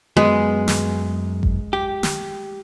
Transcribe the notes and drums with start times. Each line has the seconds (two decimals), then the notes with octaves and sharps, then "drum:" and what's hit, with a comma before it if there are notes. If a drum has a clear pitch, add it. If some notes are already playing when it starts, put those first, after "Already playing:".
0.17 F#2 G#3 B3 G#4
0.68 drum: snare
1.43 drum: kick G#1
1.73 G4
2.03 drum: snare